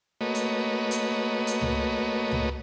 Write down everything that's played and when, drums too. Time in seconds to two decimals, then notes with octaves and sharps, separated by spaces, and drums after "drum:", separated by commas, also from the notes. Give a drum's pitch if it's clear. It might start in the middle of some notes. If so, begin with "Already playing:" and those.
0.21 A3 A#3 F#4 B4 C#5 D#5
0.35 drum: hi-hat
0.91 drum: hi-hat
1.47 drum: hi-hat
1.61 drum: tom C#2
2.31 drum: tom C#2